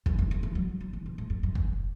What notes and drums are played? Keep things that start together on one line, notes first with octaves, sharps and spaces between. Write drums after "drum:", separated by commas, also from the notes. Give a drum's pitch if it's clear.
F#2, drum: kick
E2
F#2
E3
F#3
F#3
E3
B2
A2
F#2
F#2
F#2, drum: kick